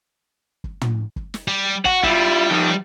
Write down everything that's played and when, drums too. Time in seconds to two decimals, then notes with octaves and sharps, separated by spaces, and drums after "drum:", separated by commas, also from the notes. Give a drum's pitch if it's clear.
0.64 drum: kick
0.81 drum: tom
1.16 drum: kick
1.34 drum: snare
1.48 G3
1.85 F#4 F#5, drum: kick
2.04 G3 E4 F4, drum: kick
2.51 F3 D#4